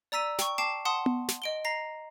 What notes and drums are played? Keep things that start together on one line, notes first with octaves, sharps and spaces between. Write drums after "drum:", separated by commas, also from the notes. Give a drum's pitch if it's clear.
D5 A#5 E6 B6 D#7
G5 C#6, drum: snare
G5 A5 D6 C7 E7
F#5 A5 C6 D#6
drum: tom B3
drum: snare
D#5 D7 G7
A#5 A#6 C7